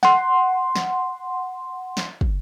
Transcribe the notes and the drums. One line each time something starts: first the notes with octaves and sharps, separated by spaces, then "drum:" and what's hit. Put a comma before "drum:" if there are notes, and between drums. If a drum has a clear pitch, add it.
F#5 C6, drum: snare
drum: snare
drum: snare
drum: kick